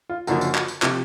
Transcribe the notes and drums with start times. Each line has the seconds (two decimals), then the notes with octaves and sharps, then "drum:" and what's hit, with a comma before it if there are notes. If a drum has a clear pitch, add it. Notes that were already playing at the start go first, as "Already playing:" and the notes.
0.09 F4
0.27 F#1 F#2 D3 F3 F#4, drum: tambourine
0.41 drum: tambourine
0.55 drum: clap
0.68 drum: tambourine
0.82 C3 F3, drum: clap